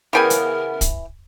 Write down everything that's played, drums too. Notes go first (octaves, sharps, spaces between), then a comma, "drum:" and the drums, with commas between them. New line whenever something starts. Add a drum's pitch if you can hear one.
C#3 E3 B3 A#4 G5 G#5
drum: hi-hat
drum: kick, hi-hat